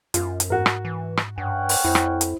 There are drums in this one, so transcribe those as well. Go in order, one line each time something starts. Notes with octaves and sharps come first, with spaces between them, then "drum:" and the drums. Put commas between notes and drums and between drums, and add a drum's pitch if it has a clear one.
F#2 F4, drum: hi-hat
drum: hi-hat
G#2 F#4 A#4
drum: rim click
E3
drum: rim click
G2 C#4 F#5 G5
drum: open hi-hat
F2 E4 C5
drum: rim click
drum: hi-hat